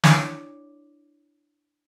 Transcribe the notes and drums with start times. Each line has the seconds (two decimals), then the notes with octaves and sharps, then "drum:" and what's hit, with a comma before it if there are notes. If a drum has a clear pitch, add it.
0.04 D4 E4 C#5 D5 C#6 D6, drum: snare